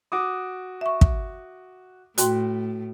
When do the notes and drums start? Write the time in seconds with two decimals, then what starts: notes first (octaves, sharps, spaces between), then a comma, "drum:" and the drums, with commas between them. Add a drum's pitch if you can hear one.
0.12 F#4 D6 D#6
0.81 E5 C#6
1.01 drum: kick
2.18 A2 F#4 G5 C6, drum: hi-hat